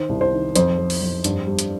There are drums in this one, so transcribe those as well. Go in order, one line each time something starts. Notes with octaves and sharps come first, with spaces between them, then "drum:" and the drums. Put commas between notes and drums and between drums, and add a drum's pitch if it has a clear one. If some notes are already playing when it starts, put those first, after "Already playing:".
Already playing: D#3 C5
C2
C5
D#3
F2 C5, drum: hi-hat
F2
drum: open hi-hat
F2
G2, drum: hi-hat
G3
drum: hi-hat